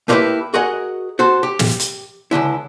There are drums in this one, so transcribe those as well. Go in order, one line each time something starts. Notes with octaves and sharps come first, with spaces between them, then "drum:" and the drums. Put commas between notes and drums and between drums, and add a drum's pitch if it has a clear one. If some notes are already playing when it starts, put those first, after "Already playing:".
A3 A#3 D#4 E4 G4 B4
F#4 G#4 A#4 D#5 F#5
F#4 A4 C5
G4
drum: snare
drum: hi-hat
C#2 F#2 D3 E4